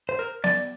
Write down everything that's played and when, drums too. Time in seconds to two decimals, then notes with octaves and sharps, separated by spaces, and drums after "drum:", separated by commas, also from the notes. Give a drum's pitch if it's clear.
0.09 C5
0.19 A#4
0.44 D5, drum: snare B3